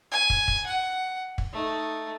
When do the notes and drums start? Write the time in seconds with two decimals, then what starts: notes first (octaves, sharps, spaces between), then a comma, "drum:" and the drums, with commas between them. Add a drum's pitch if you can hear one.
0.12 G#5
0.30 drum: kick
0.48 drum: kick
0.66 F#5
1.38 drum: kick
1.53 A3 D#4